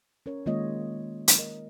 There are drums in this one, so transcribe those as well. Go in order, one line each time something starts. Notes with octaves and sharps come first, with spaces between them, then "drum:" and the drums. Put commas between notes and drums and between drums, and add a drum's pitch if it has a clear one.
C#4 A#4 C#5
D#3 G#3 A#3 F4 C#5 D#5
drum: hi-hat
A#4 D#5